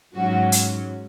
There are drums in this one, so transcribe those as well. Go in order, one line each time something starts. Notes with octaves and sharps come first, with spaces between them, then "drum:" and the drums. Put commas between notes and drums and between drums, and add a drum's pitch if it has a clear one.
G#2 F#3 C#4 F#4
drum: hi-hat